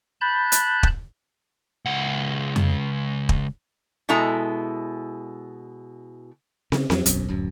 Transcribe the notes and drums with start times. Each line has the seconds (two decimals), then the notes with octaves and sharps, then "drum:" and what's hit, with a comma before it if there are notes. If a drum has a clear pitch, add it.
0.21 A5 B5 F#6 G6
0.52 drum: hi-hat
0.83 drum: kick
1.85 C#2 F#5
2.56 drum: tom F2
3.29 drum: kick
4.09 B2 G#3 E4 A4 A#5
6.72 C#3, drum: snare
6.90 F2 F#3, drum: snare
7.06 E1 B1 F#2, drum: hi-hat
7.28 D1 F#2